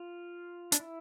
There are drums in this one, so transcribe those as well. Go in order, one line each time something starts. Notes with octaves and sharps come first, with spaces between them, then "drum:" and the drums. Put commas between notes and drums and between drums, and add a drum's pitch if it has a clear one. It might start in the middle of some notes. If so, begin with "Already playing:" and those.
Already playing: F4
D4, drum: hi-hat
E4